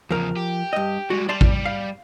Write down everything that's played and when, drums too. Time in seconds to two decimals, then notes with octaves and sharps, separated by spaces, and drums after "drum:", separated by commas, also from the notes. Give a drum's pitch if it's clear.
0.11 E2 C#3 F3 A#4
0.37 G4
0.73 G2 D#5
1.10 G3 G#3 F#4
1.29 G3 D5 A5 C6
1.41 drum: kick A1
1.65 F5